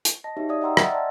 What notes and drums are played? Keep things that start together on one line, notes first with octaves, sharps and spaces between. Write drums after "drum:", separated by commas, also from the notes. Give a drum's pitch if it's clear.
drum: hi-hat
D#5 A5 A#6
D#4 F#4 G4 C#5 E5
D5 E5 F5 D#6
D#5 F#5 G5 A#5 C6 E6
E5 F#5 E6 F6 G#6 A6, drum: rim click
D5 D#5 F#5 G#5 A5 C6